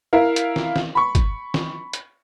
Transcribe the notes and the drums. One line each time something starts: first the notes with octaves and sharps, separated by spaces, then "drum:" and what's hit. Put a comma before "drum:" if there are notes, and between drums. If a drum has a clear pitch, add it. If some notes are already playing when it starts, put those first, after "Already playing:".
E4 A#4 F5
drum: hi-hat
drum: snare
drum: snare
B5 C#6
drum: kick G1, hi-hat
drum: snare
drum: hi-hat